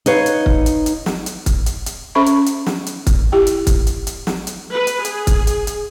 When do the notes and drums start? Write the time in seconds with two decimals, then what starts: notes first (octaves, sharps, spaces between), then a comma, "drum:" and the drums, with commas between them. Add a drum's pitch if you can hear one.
0.06 D#4 B4 C#5 F5, drum: hi-hat
0.26 drum: hi-hat
0.46 drum: kick
0.66 drum: hi-hat
0.86 drum: hi-hat
1.06 drum: snare
1.26 drum: hi-hat
1.46 drum: kick, hi-hat
1.66 drum: hi-hat
1.86 drum: hi-hat
2.15 C#4 A4 C5 E5 B5 C#6
2.26 drum: hi-hat
2.46 drum: hi-hat
2.66 drum: snare
2.86 drum: hi-hat
3.07 drum: kick, hi-hat
3.32 E4 G4 G5
3.47 drum: hi-hat
3.67 drum: kick, hi-hat
3.87 drum: hi-hat
4.07 drum: hi-hat
4.27 drum: snare
4.47 drum: hi-hat
4.72 B4
4.87 drum: hi-hat
5.05 G#4, drum: hi-hat
5.27 drum: kick, hi-hat
5.47 drum: hi-hat
5.67 drum: hi-hat